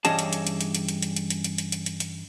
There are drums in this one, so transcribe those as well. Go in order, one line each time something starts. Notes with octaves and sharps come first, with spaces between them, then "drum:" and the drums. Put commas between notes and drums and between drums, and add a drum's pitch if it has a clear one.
G2 E3 C#4 G#4 D#5 A5, drum: hi-hat
drum: hi-hat
drum: hi-hat
drum: hi-hat
drum: hi-hat
drum: hi-hat
drum: hi-hat
drum: hi-hat
drum: hi-hat
drum: hi-hat
drum: hi-hat
drum: hi-hat
drum: hi-hat
drum: hi-hat
drum: hi-hat